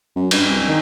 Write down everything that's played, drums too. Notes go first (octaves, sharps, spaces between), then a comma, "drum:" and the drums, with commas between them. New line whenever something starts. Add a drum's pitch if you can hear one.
F#2
G2, drum: cymbal
C2
D#3